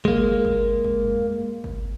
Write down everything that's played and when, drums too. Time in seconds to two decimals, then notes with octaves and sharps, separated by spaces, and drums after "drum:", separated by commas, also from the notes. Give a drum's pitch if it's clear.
0.05 G#3 A#3, drum: kick G1
0.45 drum: kick G1
0.85 drum: kick G1
1.04 drum: tom
1.64 drum: kick G1